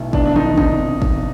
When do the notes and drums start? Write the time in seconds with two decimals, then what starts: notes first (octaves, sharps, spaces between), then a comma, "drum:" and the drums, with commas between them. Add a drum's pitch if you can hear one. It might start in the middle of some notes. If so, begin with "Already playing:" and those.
Already playing: B1 A2
0.13 E2 D4, drum: kick
0.25 D4
0.36 D#3 D#4, drum: tom
0.57 C3 D#4, drum: kick
1.02 drum: kick